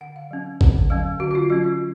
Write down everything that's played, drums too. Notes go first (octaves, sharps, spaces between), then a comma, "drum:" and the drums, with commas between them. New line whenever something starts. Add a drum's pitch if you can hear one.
D3 F#5
F5
F#3 C#4
D3 F#5, drum: kick A1
F#3 C#4 F5
D3 F#4
F#4
F4
F#3 C#4 F4
F4